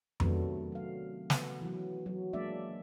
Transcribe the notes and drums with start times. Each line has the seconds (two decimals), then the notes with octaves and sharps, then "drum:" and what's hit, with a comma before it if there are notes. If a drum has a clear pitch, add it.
0.20 C3 D#3 F#3 A3 B3 D4, drum: tom F2
0.72 F#3 F5
1.30 B3, drum: snare
1.61 E3 F#3
2.06 F#3
2.33 F#3 G#3 A#3 D4 D5 E5